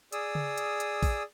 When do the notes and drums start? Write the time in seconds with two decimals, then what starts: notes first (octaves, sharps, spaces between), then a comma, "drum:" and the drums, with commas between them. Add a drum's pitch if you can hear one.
0.13 G#4 D5 D#6 E6, drum: hi-hat
0.35 drum: tom C#3
0.58 drum: hi-hat
0.80 drum: hi-hat
1.03 drum: kick A1, open hi-hat